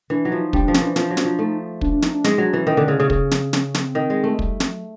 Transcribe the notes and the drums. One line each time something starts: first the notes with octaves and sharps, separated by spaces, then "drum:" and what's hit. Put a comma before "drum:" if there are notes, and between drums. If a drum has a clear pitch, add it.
E3 D4
F#3 D#4
F3
D#4
G3 D4, drum: kick
F3 D4
C#4, drum: snare
E3 D4
F3 D4, drum: snare
F#3
D4, drum: snare
F3
A3 D#4
D4, drum: kick
D4
D#4, drum: snare
D4
G#3 D#4, drum: snare
F#3 D4
E3 C#4
D#3
D3
C#3
C#3
C#3, drum: kick
drum: snare
C#4, drum: snare
C4, drum: snare
D#3
G#3
A3
G3, drum: kick
F#3, drum: snare